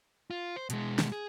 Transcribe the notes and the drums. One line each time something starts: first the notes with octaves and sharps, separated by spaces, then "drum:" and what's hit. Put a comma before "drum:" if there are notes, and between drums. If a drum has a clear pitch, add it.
F4
C5
B2 G#3, drum: hi-hat
drum: snare
G#4